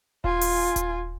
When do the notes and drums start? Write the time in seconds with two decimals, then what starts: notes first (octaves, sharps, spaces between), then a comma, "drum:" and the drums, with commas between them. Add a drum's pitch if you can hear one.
0.24 F4 G#5, drum: kick D#1
0.41 drum: open hi-hat
0.76 drum: kick D#1, hi-hat